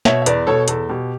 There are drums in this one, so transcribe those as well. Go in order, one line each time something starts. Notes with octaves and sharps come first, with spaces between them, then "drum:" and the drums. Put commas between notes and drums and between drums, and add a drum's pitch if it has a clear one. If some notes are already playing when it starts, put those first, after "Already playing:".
B2 C#5 E5, drum: snare
E5
E2 B4 D5, drum: hi-hat
B2 A4 C#5
E2 A4, drum: hi-hat
B2 G4